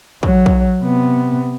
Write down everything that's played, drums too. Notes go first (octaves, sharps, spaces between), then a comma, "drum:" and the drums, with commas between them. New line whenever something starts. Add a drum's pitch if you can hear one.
F#3, drum: kick
drum: kick
C3 B3